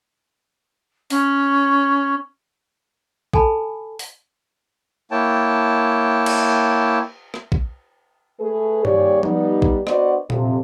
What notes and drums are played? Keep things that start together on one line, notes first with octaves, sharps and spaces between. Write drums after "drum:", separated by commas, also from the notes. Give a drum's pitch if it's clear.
C#4, drum: open hi-hat
A4 G#5 A5 B5, drum: kick A#1
drum: open hi-hat
A#3 E4 C#5 G5 A5
drum: cymbal
drum: rim click
drum: kick A#1
A3 G#4 B4
D#2 G3 G4 G#4 C#5 D5, drum: tom G2
G3 B3 D#4, drum: tom F3
drum: kick A#1
B3 D4 F#4 C5 D5 D#5, drum: rim click
F2 C3, drum: tom A#2